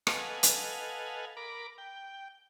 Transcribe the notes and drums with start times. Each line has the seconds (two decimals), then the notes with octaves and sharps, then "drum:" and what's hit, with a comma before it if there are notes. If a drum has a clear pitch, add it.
0.07 A4 B4 D#5 F5 F#5 G#5, drum: rim click
0.43 drum: hi-hat
1.37 A#4 B5 D6
1.78 G5